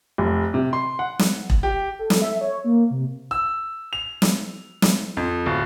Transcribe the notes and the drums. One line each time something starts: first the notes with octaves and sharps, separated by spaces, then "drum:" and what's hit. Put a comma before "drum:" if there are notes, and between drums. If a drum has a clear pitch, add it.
F1
C3
C6
F#5
drum: snare
drum: kick E1
G4
A4
drum: snare
E5
C#5
A#3
C3
E6
F7
drum: snare
drum: snare
F2
D1